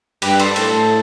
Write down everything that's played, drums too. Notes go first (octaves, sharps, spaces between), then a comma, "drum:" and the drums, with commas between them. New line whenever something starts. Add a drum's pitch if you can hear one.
G2 G4 B4, drum: cymbal
A4 C5, drum: cymbal
A2 A4 C5, drum: cymbal